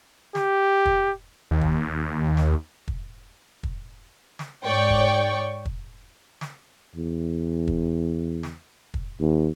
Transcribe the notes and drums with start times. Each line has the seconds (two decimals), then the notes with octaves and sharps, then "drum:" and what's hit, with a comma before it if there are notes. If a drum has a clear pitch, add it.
0.35 G4, drum: snare
0.86 drum: kick
1.51 D#2
1.61 drum: kick
2.37 drum: snare
2.88 drum: kick
3.63 drum: kick
4.39 drum: snare
4.66 G#2 C#5 D5 G5 C#6
4.90 drum: kick
5.65 drum: kick
6.41 drum: snare
6.96 E2
7.67 drum: kick
8.43 drum: snare
8.94 drum: kick
9.20 D#2